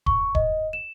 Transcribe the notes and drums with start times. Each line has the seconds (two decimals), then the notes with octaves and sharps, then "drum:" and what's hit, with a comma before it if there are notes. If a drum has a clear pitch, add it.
0.06 C#6, drum: kick
0.35 D#5, drum: kick
0.73 E7